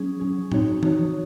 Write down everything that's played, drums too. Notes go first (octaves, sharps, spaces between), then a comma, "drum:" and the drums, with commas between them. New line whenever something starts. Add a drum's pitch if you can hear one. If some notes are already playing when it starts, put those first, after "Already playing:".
Already playing: F#3 C#4 G#4
F#3 C#4 G#4
C4 D#4 F#4 C#5, drum: tom A2
C4 D#4 F#4 C#5, drum: tom